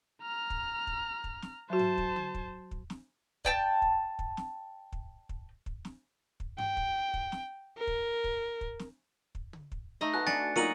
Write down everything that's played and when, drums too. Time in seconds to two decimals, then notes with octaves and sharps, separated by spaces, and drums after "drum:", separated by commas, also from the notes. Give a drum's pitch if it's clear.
0.22 A#5 F6
0.50 drum: kick
0.87 drum: kick
1.24 drum: kick
1.42 drum: snare
1.70 F#3 F#4 C5 A5
1.79 drum: tom G2
1.98 drum: kick
2.16 drum: tom
2.35 drum: kick
2.71 drum: kick
2.90 drum: snare
3.45 D5 G5 A5, drum: kick
3.82 drum: kick
4.19 drum: kick
4.37 drum: snare
4.93 drum: kick
5.29 drum: kick
5.66 drum: kick
5.85 drum: snare
6.40 drum: kick
6.58 G5, drum: tom G2
6.77 drum: kick
7.14 drum: kick
7.32 drum: snare
7.78 A#4
7.87 drum: kick
8.24 drum: kick
8.61 drum: kick
8.79 drum: snare
9.35 drum: kick
9.53 drum: tom
9.72 drum: kick
10.01 A3 D#4 D#5
10.14 F#4 B4 A5 F#6
10.27 D4 G#5 A6 C#7, drum: snare
10.56 F#3 A#3 D#4 F4 A#4 C#7 D#7 F#7